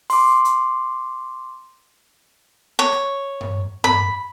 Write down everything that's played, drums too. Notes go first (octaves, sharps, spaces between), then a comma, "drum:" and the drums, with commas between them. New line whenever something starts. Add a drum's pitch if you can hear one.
C6 D6, drum: open hi-hat
drum: hi-hat
C#5
drum: rim click
drum: tom G2
B5, drum: tom G2